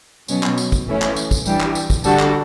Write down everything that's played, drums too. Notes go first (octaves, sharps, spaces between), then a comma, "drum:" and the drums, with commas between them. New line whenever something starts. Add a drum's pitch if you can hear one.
B2 F#3 C#4, drum: tambourine
drum: clap
drum: tambourine
drum: kick, tambourine
E3 A3 C#4 E4
drum: clap
drum: tambourine
drum: kick, tambourine
E3 G3 D4 G4, drum: tambourine
drum: clap
drum: tambourine
drum: kick, tambourine
D3 G3 D4 F#4 A4, drum: tambourine
drum: clap